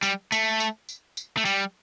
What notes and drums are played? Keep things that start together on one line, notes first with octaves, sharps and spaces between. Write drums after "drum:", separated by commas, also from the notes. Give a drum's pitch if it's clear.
G3, drum: tambourine
A3, drum: tambourine
drum: tambourine
drum: tambourine
drum: tambourine
A3
G3, drum: tambourine